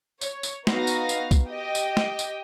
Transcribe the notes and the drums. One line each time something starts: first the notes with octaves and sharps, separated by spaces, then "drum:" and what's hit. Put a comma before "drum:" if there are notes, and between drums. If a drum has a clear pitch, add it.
C#5, drum: tambourine
drum: tambourine
B3 D#4 F#4 F5 A#6, drum: snare
drum: tambourine
drum: tambourine
drum: kick B1, tambourine
G4 D#5 G5
drum: tambourine
drum: snare
drum: tambourine